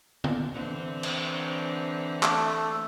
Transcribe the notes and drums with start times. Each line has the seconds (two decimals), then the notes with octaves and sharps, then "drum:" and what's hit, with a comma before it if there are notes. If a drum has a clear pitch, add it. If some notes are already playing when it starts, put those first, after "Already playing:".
0.24 drum: tom D3
0.54 D3 E3 C4
1.03 drum: cymbal
2.23 A3, drum: clap